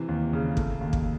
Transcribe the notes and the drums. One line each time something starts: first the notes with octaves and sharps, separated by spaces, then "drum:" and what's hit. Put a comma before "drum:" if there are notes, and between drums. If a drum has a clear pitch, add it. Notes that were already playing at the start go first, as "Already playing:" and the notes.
Already playing: C3 E3
D#2
C#3
A3, drum: kick
D#2
drum: kick